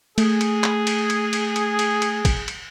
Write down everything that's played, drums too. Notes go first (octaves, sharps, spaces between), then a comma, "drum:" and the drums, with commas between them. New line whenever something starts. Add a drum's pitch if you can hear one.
A3 G#4, drum: cymbal
drum: cymbal
drum: clap
drum: cymbal
drum: cymbal
drum: cymbal
drum: cymbal
drum: cymbal
drum: cymbal
drum: kick, cymbal
drum: cymbal